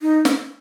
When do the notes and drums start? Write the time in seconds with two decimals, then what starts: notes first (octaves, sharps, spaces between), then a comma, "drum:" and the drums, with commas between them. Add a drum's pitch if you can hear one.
0.02 D#4
0.25 drum: snare